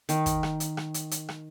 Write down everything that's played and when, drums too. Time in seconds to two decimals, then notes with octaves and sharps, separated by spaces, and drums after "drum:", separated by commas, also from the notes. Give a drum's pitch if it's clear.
0.09 D#3, drum: hi-hat
0.26 drum: kick, hi-hat
0.43 drum: rim click
0.60 drum: hi-hat
0.77 drum: rim click
0.94 drum: hi-hat
1.11 drum: hi-hat
1.29 drum: rim click